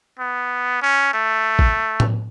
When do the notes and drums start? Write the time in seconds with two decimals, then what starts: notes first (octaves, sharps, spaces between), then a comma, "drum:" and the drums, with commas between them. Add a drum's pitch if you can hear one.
0.19 B3
0.82 C#4
1.14 A3
1.59 drum: kick
2.00 drum: tom A2